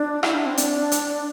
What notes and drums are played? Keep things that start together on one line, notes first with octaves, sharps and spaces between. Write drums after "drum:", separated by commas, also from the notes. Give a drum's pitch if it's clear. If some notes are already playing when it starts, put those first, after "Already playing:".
Already playing: D4
E4, drum: rim click
D4
C4
D4, drum: hi-hat
drum: hi-hat